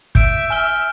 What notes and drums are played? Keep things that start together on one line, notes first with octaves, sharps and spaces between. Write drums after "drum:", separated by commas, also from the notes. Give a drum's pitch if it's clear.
E5 G6 D7, drum: kick
G#5 F6 G7